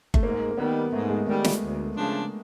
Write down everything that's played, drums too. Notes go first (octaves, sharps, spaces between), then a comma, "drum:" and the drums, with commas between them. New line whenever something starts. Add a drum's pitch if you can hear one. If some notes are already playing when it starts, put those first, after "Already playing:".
A3, drum: kick G1
G#2 A#3
A#3
D#3 G3 B3
G#2 A3
G#3
D#3 G3 A3
A3, drum: snare
D2
C#3 F3 A3 D4